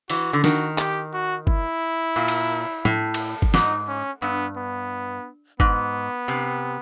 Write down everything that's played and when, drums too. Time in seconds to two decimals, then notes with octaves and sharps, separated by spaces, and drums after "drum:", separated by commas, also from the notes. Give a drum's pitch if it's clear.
0.10 E3 F#4, drum: open hi-hat
0.33 D3
0.44 D#3 F#4, drum: snare
0.78 G4, drum: clap
1.13 F#4
1.47 E4, drum: kick
2.16 A#2
2.28 drum: cymbal
2.85 A2, drum: tom
3.14 drum: cymbal
3.42 drum: kick
3.54 G#2 D#4, drum: snare
3.88 C#4
4.22 G2 B3
4.57 B3
5.60 G#2 B3, drum: kick
6.28 C3